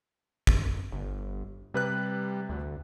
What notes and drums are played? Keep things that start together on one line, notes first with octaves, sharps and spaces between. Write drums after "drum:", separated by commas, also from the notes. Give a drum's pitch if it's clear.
drum: kick
G1
C3 G3 B4 F#6
D2